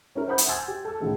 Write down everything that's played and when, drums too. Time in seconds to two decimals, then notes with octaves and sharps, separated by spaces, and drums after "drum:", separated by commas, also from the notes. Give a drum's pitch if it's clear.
0.15 C#4 E4 A#4
0.27 C5 E5 F#5 B5 D#6 G6
0.38 drum: hi-hat
0.49 G#5 C6 E6 G#6 A6
0.68 G4
0.85 A4 E6
1.00 C#2 A2 D#3 G#3